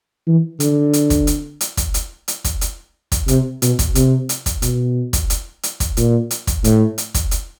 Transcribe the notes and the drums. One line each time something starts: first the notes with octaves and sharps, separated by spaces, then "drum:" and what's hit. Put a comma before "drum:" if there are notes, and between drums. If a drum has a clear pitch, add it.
E3
D3, drum: hi-hat
drum: hi-hat
drum: kick, hi-hat
drum: hi-hat
drum: hi-hat
drum: kick, hi-hat
drum: hi-hat
drum: hi-hat
drum: kick, hi-hat
drum: hi-hat
drum: kick, hi-hat
C3, drum: hi-hat
B2, drum: hi-hat
drum: kick, hi-hat
C3, drum: hi-hat
drum: hi-hat
drum: kick, hi-hat
B2, drum: hi-hat
drum: kick, hi-hat
drum: hi-hat
drum: hi-hat
drum: kick, hi-hat
A#2, drum: hi-hat
drum: hi-hat
drum: kick, hi-hat
A2, drum: hi-hat
drum: hi-hat
drum: kick, hi-hat
drum: hi-hat